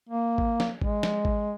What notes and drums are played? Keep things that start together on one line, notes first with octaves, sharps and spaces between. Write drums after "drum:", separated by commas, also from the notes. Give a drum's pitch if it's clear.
A#3
drum: kick G#1
drum: snare
G#3, drum: kick G#1
drum: snare
drum: kick G#1